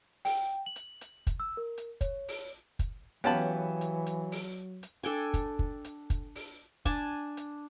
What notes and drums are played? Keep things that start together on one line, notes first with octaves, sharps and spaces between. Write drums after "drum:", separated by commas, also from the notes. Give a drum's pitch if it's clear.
G5, drum: open hi-hat
F#7
drum: hi-hat
drum: hi-hat
drum: kick, hi-hat
E6
A#4
drum: hi-hat
C#5, drum: kick, hi-hat
drum: open hi-hat
drum: kick, hi-hat
E3 F#3 B3 C#4 G4 F5 A5 B5
drum: hi-hat
drum: hi-hat
drum: open hi-hat
drum: hi-hat
D4 A4 G5 G#5
drum: kick, hi-hat
drum: kick
drum: hi-hat
drum: kick, hi-hat
drum: open hi-hat
D4 G#5 A5, drum: kick, hi-hat
drum: hi-hat